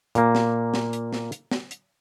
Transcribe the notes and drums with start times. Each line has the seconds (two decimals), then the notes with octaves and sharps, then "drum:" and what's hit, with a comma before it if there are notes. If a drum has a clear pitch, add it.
0.15 A#2 A#3, drum: hi-hat
0.35 drum: snare
0.74 drum: snare
0.93 drum: hi-hat
1.13 drum: snare
1.32 drum: hi-hat
1.51 drum: snare
1.71 drum: hi-hat